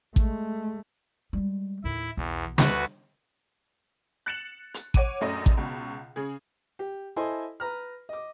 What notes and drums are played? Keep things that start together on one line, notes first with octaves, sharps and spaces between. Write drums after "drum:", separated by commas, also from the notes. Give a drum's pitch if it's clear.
G#3 A3, drum: kick A1
G3 G#3
D#2 A2 E4
B1 E2
D2 F#4 B4, drum: snare
F#6 A6 C#7 E7 F#7
drum: hi-hat
C#5 F#5 D6 D#7, drum: kick A1
A#1 F#2 A3 D5 D#5
drum: kick A1
C#2 B2
C#3 G#4
G4
E4 A4 C5 D#5 G#5 C6
B4 A#5 F6
D#5 D6